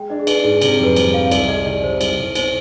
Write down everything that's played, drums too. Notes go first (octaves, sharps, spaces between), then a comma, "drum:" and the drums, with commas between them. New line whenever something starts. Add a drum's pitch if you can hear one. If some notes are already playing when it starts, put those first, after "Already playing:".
Already playing: G#3 G5
D4 D#5
G#4
D4 B4, drum: cymbal
G#2 G#4
C3, drum: cymbal
G#4
F2 B4
G3 C5, drum: cymbal
C4 F5
C2 D5, drum: cymbal
G#3 D#5
C3 D5
C2 C5
C2, drum: cymbal
C2
B2 C5, drum: cymbal